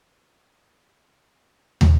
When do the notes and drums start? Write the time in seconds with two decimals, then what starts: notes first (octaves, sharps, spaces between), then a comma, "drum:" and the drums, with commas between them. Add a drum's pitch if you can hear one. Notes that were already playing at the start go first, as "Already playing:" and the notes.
0.09 B4 F6 F#6
0.37 G6 B6
0.66 G#5 B5
1.03 E2 A#2
1.41 D#3 E3 G3 G#3 B3 C#4
1.81 drum: tom